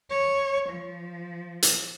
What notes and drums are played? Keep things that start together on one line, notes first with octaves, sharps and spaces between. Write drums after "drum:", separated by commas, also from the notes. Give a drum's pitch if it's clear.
C#5
F3
drum: hi-hat